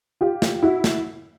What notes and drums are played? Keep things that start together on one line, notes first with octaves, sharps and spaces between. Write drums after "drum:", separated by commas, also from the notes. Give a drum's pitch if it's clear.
F4 G4
drum: snare
E4 F#4
drum: snare